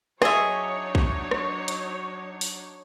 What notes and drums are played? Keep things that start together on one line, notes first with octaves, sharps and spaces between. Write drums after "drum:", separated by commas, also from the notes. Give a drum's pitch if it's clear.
F#3 D4 D#4 G#4 C#5 D#5 E5, drum: rim click
drum: kick
drum: rim click
drum: hi-hat
drum: open hi-hat